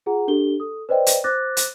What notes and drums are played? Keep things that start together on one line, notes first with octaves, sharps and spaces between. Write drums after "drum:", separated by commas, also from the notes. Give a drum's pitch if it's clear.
F4 G#4 F#5 A#5
D4 G4 A4 G7
A4 D#6
B4 C5 D5 D#5 G5
drum: hi-hat
C5 D6 F#6 A6 A#6
drum: hi-hat